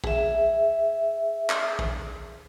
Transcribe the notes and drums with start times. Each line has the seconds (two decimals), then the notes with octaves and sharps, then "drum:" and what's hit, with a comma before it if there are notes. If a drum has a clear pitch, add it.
0.04 G#4 E5, drum: kick
1.50 drum: clap
1.79 drum: kick